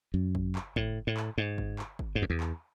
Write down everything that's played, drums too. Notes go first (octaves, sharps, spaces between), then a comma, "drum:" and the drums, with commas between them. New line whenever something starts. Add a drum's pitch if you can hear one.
F#2
drum: kick
drum: clap
A2, drum: kick
A2
drum: clap
G#2
drum: kick
drum: clap
drum: kick
G#2
F#2
E2
drum: clap